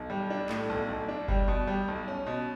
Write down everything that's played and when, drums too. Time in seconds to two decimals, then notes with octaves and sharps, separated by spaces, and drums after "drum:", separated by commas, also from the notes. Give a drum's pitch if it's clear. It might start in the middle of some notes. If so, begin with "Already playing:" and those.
Already playing: B1
0.10 G3
0.30 D4
0.49 A2, drum: clap
0.70 B1
0.88 B1
1.08 D4
1.28 G3, drum: kick F#1
1.48 B2
1.67 G3
1.88 B1
2.08 C#4
2.26 B2